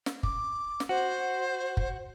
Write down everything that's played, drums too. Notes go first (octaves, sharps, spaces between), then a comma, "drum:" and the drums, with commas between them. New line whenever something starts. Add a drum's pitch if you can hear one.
drum: snare
D6, drum: kick
drum: snare
F#4 C5
drum: kick